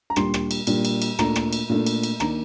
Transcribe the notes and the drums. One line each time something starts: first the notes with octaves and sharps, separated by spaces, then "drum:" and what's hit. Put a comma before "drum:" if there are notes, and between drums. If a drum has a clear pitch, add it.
A#5
A#2 G3 D4 C6, drum: rim click
drum: rim click
drum: cymbal
A#2 G3 D4, drum: cymbal
drum: cymbal
drum: cymbal
A#2 A3 D4 A#5, drum: rim click
drum: rim click
drum: cymbal
A#2 A3 D4
drum: cymbal
drum: cymbal
D#3 A#3 D4 A#5, drum: rim click